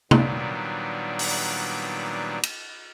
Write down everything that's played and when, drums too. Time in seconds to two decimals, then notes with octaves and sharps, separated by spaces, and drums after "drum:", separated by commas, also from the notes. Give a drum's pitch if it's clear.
0.11 A#2 D#3 F#3 G3 B3 D4, drum: tom
1.19 drum: open hi-hat
2.43 drum: cymbal